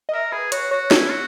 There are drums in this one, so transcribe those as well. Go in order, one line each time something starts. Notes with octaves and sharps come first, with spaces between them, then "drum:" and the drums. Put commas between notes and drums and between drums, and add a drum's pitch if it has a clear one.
D#5
A#4 E5
G#4 B4
F#4 C#5, drum: hi-hat
F#4 C#5
E4 C#5, drum: snare
F#4